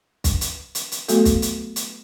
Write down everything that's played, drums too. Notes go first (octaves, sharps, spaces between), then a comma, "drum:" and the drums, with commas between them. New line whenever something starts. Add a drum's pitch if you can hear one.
drum: kick, hi-hat
drum: hi-hat
drum: hi-hat
drum: hi-hat
F#3 A3 B3 F#4 A4, drum: hi-hat
drum: kick, hi-hat
drum: hi-hat
drum: hi-hat